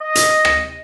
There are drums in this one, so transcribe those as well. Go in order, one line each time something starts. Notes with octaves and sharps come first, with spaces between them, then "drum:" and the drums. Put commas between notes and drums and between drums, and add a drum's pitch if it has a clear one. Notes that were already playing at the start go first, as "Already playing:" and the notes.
D#5
drum: hi-hat
drum: rim click